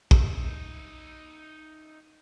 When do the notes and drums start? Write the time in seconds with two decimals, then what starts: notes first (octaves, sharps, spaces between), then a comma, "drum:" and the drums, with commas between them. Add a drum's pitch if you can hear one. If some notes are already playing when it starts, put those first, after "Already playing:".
0.11 D#4 E5, drum: kick